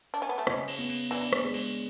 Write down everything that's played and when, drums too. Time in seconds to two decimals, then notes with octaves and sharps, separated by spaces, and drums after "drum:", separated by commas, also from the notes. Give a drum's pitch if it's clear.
0.14 D4
0.22 C#4
0.29 B3
0.38 A3
0.47 C#3 G#3, drum: rim click
0.68 drum: cymbal
0.78 B3
0.90 drum: cymbal
1.11 E3 D4, drum: cymbal
1.33 drum: rim click
1.44 G#3
1.54 drum: cymbal